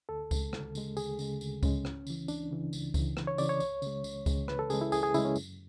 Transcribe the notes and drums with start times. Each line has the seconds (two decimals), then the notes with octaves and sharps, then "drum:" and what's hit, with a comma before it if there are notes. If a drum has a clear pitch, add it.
0.09 D2 A4
0.31 C#3 G#3, drum: kick C#2, tambourine
0.53 D2, drum: rim click
0.75 C#3 G#3, drum: tambourine
0.97 D2 G#4, drum: tambourine
1.19 C#3 G#3, drum: tambourine
1.41 D2, drum: tambourine
1.63 C#3 G#3 C#4, drum: kick C#2, tambourine
1.85 C#2, drum: rim click
2.07 C#3 E3, drum: tambourine
2.28 C#2 D4, drum: tambourine
2.51 C#3 E3
2.73 C#2, drum: tambourine
2.94 C#3 E3, drum: kick C#2, tambourine
3.17 C#2, drum: rim click
3.27 C#5
3.38 C#3 E3 D5, drum: tambourine
3.49 C#5
3.60 C#2, drum: tambourine
3.82 C#3 G#3, drum: tambourine
4.04 C#2, drum: tambourine
4.26 C#3 G#3, drum: kick C#2, tambourine
4.48 C#2 B4, drum: rim click
4.59 A4
4.70 C#3 G#3 G#4, drum: tambourine
4.81 E4
4.92 C#2 G#4, drum: tambourine
5.03 G#4
5.14 C#3 G#3 E4, drum: tambourine
5.25 C#4
5.36 F#2, drum: tambourine